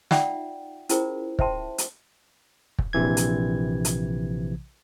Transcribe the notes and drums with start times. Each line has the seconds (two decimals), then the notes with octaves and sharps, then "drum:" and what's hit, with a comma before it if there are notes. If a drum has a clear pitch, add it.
0.11 D#4 F4 D5 E5 F#5 G5, drum: snare
0.89 C#4 E4 F4 G#4 A#4 C5, drum: hi-hat
1.39 C5 E5 G5 A5 C6, drum: kick
1.78 drum: hi-hat
2.79 drum: kick
2.93 A#1 C3 E3 G#6
3.17 drum: hi-hat
3.85 drum: hi-hat